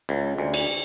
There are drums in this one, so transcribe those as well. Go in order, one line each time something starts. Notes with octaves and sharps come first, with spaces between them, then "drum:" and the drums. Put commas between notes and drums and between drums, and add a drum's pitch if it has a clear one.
C#2
D2
drum: cymbal